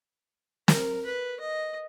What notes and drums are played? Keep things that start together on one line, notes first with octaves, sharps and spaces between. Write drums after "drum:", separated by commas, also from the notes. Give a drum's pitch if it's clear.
A#4, drum: snare
B4
D#5